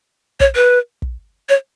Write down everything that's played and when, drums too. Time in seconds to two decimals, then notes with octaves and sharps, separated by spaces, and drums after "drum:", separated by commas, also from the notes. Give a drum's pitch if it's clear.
0.40 C#5, drum: kick
0.55 B4
1.02 drum: kick
1.49 C#5